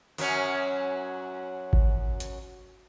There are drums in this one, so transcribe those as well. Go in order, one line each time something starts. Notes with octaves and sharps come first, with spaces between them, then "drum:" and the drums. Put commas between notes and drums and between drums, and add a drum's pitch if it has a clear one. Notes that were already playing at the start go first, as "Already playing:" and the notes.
F#2 F#3 C#4, drum: open hi-hat
drum: kick G#1
drum: hi-hat